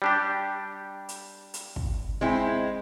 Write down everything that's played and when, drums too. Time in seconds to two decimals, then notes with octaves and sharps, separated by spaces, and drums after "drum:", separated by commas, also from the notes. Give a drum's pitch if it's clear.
0.02 G3 D4 G4
1.09 drum: hi-hat
1.54 drum: hi-hat
1.76 drum: kick
2.21 G#3 C4 E4